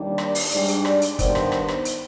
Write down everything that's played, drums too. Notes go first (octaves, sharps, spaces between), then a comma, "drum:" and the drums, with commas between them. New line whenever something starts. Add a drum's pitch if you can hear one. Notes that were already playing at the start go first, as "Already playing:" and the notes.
Already playing: D#2 D#3 G3 D4
D5, drum: rim click
drum: open hi-hat
G#2 G3 D4, drum: hi-hat
drum: hi-hat
D5, drum: rim click
drum: hi-hat
G2 D#3 B3 C5, drum: kick, hi-hat
drum: rim click
drum: rim click
drum: rim click
drum: hi-hat